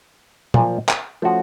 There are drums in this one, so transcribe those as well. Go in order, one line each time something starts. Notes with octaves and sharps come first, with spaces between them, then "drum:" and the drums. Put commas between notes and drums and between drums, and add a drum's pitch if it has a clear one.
A#2 F3 A#3, drum: tom A#2
drum: clap
F3 A3 C#4 F#4